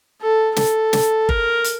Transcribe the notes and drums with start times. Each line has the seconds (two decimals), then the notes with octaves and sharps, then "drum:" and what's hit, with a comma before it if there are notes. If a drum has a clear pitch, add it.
0.21 A4
0.56 A4, drum: snare
0.93 drum: snare
1.29 A#4, drum: kick G1
1.64 drum: hi-hat